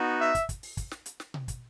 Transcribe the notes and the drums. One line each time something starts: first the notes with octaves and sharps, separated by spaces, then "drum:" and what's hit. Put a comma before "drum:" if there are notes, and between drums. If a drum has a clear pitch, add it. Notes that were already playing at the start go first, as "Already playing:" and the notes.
Already playing: B3 D#4 F#4
E5
drum: kick, hi-hat
drum: kick, hi-hat
drum: open hi-hat
drum: kick, hi-hat
drum: snare
drum: hi-hat
drum: snare
drum: tom B2
drum: kick, hi-hat